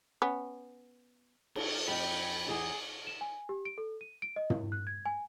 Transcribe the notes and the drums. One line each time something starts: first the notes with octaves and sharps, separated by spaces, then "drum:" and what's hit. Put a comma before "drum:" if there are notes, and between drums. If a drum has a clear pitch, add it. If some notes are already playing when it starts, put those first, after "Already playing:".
B3 C#4
drum: cymbal
F2 G5 B5
E2 D#4 G#4
E7
G#5
G4
D7
A4
D#7
D7
D#5
E4, drum: tom
F#6
G#6
G#5